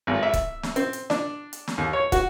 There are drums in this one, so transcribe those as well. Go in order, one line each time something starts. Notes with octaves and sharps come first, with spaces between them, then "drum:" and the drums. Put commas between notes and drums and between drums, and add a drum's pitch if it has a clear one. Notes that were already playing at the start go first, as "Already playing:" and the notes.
G#1
E5
drum: kick, hi-hat
drum: snare
C4, drum: hi-hat
drum: hi-hat
D4, drum: snare
drum: hi-hat
drum: snare
D#2
C#5
F#4, drum: kick, hi-hat